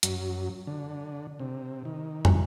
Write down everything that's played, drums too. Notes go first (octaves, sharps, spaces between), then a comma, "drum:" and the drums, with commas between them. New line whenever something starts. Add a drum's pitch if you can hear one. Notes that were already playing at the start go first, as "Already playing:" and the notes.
F#2, drum: hi-hat
D3
C3
D#3
drum: tom